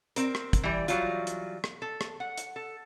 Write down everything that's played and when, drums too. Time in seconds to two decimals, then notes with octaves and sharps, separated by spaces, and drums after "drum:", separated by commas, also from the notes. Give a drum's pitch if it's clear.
0.16 C4 A#4, drum: hi-hat
0.35 drum: rim click
0.53 drum: kick, hi-hat
0.63 E3 G3
0.88 E3 F#3 G3 F4, drum: hi-hat
1.27 drum: hi-hat
1.64 drum: rim click
1.82 A4
2.01 drum: rim click
2.20 F#5
2.38 drum: hi-hat
2.56 A4